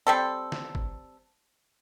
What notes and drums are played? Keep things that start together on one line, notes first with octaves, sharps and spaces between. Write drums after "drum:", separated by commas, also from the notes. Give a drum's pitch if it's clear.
G3 C4 A4
drum: snare
drum: kick